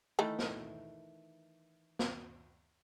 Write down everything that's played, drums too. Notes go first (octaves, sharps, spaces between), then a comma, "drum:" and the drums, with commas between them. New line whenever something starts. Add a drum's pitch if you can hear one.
D#3 E3 A3
drum: snare
drum: snare